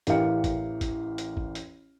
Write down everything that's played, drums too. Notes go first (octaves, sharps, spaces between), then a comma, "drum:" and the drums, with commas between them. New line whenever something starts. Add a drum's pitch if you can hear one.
A1 E3 G4 A#4 F5 C#7, drum: hi-hat
drum: kick G1, hi-hat
drum: kick G1, hi-hat
drum: hi-hat
drum: kick G1
drum: hi-hat